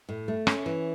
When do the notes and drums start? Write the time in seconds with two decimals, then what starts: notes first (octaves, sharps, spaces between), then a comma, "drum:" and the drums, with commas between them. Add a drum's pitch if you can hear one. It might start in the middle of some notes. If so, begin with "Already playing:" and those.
0.09 A2
0.28 A3
0.47 C#4, drum: rim click
0.66 E3